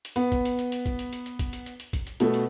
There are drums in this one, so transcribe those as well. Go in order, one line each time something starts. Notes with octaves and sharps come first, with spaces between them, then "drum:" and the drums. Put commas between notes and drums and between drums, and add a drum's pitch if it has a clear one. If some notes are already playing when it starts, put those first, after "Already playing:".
drum: hi-hat
B3, drum: hi-hat
drum: kick, hi-hat
drum: hi-hat
drum: hi-hat
drum: hi-hat
drum: kick, hi-hat
drum: hi-hat
drum: hi-hat
drum: hi-hat
drum: kick, hi-hat
drum: hi-hat
drum: hi-hat
drum: hi-hat
drum: kick, hi-hat
drum: hi-hat
B2 A3, drum: hi-hat
drum: hi-hat